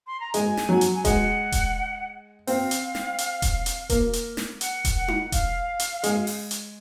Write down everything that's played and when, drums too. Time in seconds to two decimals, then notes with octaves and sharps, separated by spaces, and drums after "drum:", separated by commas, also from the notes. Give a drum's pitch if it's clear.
0.07 C6
0.20 A#5
0.34 G#3 G#5, drum: hi-hat
0.57 drum: snare
0.69 F#3
0.81 drum: hi-hat
0.95 G#5
1.05 G#3 F#5, drum: kick E1, hi-hat
1.52 drum: kick E1, hi-hat
2.47 C4 F5, drum: open hi-hat
2.71 drum: hi-hat
2.95 drum: snare
3.18 drum: hi-hat
3.42 drum: kick E1, hi-hat
3.66 drum: hi-hat
3.90 A#3, drum: kick E1, hi-hat
4.13 drum: hi-hat
4.37 drum: snare
4.61 F#5, drum: hi-hat
4.85 drum: kick E1, hi-hat
4.96 F#5
5.08 drum: tom D#4
5.32 F5, drum: kick E1, hi-hat
5.80 drum: hi-hat
6.03 G#3, drum: hi-hat
6.27 drum: open hi-hat
6.51 drum: hi-hat